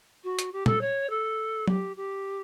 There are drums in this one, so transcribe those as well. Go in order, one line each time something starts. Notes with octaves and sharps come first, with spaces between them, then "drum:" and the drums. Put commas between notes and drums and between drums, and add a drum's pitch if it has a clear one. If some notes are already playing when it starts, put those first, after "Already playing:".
F#4
drum: hi-hat
G4
A4, drum: tom
C#5
A4
G4, drum: tom F#3
G4